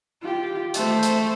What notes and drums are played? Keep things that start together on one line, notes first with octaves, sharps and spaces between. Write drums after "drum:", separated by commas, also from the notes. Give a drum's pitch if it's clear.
F4 G4
A3 C5, drum: hi-hat
drum: hi-hat